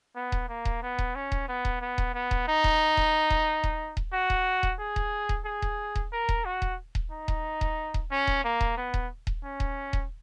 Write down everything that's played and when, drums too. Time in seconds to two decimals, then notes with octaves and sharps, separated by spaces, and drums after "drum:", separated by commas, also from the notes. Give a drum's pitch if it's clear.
0.15 B3
0.32 drum: kick D#1
0.49 A#3
0.65 drum: kick D#1
0.82 B3
0.99 drum: kick D#1
1.15 C#4
1.32 drum: kick D#1
1.48 B3
1.65 drum: kick D#1
1.81 B3
1.98 drum: kick D#1
2.14 B3
2.31 drum: kick D#1
2.48 D#4
2.64 drum: kick D#1
2.97 drum: kick D#1
3.30 drum: kick D#1
3.64 drum: kick D#1
3.97 drum: kick D#1
4.13 F#4
4.30 drum: kick D#1
4.63 drum: kick D#1
4.79 G#4
4.96 drum: kick D#1
5.29 drum: kick D#1
5.45 G#4
5.62 drum: kick D#1
5.95 drum: kick D#1
6.12 A#4
6.29 drum: kick D#1
6.45 F#4
6.62 drum: kick D#1
6.95 drum: kick D#1
7.11 D#4
7.28 drum: kick D#1
7.61 drum: kick D#1
7.94 drum: kick D#1
8.11 C#4
8.27 drum: kick D#1
8.44 A#3
8.61 drum: kick D#1
8.77 B3
8.94 drum: kick D#1
9.27 drum: kick D#1
9.44 C#4
9.60 drum: kick D#1
9.93 drum: kick D#1